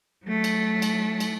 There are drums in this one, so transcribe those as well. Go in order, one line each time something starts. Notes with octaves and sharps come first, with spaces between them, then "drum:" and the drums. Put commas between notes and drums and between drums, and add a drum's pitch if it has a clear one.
F#3 A3
drum: cymbal
drum: cymbal
drum: cymbal